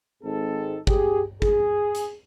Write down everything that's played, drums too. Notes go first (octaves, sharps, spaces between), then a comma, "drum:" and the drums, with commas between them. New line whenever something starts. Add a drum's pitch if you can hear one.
G#1 G#2 C4 D#4 G#4 A4
G4 G#4, drum: kick
G#4, drum: kick
drum: hi-hat